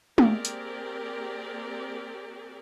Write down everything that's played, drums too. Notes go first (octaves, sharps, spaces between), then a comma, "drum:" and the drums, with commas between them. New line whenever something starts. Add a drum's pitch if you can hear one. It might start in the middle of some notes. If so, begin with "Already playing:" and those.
A#3 C4 G4 G#4 A#4 D5, drum: tom
drum: hi-hat